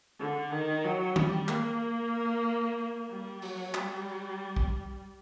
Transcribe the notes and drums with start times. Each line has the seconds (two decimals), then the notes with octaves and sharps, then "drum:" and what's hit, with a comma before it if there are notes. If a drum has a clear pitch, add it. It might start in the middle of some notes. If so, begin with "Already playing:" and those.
0.19 D3
0.52 D#3
0.84 F#3
1.16 G3, drum: tom D#3
1.48 A#3, drum: clap
3.10 G3
3.42 F#3, drum: open hi-hat
3.74 G3, drum: clap
4.56 drum: kick